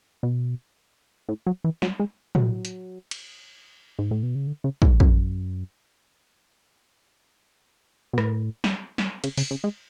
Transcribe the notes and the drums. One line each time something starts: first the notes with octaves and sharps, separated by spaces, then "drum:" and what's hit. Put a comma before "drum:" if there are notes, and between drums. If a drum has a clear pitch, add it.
B2
A2
F#3
E3
F#3, drum: snare
G#3
F#3, drum: tom
drum: hi-hat
drum: cymbal
G#2
A2
B2
C#3
D3
C#3
A2, drum: kick
F#2, drum: kick
B2
A2, drum: rim click
drum: snare
drum: snare
C#3, drum: cymbal
C#3, drum: open hi-hat
C#3
G#3